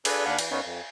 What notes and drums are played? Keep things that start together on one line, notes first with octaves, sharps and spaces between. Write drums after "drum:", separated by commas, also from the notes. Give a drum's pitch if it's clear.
D4 G#4 A4 B4, drum: cymbal
D#2 D4 F5 F#5 G#5 B5
E3, drum: cymbal
F#2 B3 C#4 D#4
F2